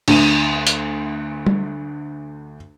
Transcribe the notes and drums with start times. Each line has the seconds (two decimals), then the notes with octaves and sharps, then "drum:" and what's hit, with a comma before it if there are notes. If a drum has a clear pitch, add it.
0.08 D2 D#7, drum: cymbal
0.67 drum: hi-hat
1.47 drum: tom G3